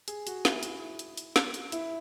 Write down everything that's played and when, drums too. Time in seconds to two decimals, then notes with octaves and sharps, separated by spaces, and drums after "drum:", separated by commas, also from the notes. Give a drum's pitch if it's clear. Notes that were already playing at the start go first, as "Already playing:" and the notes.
0.08 G#4, drum: hi-hat
0.27 F#4, drum: hi-hat
0.45 E4, drum: snare
0.63 E4, drum: hi-hat
0.99 drum: hi-hat
1.17 drum: hi-hat
1.36 drum: snare
1.54 drum: hi-hat
1.72 E4, drum: hi-hat